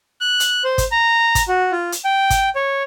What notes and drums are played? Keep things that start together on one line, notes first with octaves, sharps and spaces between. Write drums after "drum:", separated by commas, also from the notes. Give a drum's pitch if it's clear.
F#6
drum: hi-hat
C5
drum: kick, hi-hat
A#5
drum: kick, hi-hat
F#4
F4
drum: hi-hat
G5
drum: kick, hi-hat
C#5